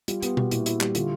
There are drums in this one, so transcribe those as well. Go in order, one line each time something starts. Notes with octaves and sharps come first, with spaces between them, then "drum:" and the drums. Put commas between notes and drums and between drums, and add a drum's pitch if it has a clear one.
G3 F4, drum: hi-hat
B3 G4, drum: hi-hat
G3 F#4, drum: tom B2
A#2 E4, drum: hi-hat
E4, drum: hi-hat
G3, drum: clap
D3 F4, drum: hi-hat